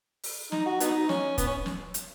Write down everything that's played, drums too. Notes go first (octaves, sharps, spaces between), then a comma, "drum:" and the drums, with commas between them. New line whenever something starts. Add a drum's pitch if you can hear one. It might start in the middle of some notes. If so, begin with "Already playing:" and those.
drum: open hi-hat
D#4, drum: snare
F#4
F#3 B3 D#4, drum: hi-hat
C#4, drum: snare
B3, drum: kick, hi-hat
C#4
drum: snare
drum: hi-hat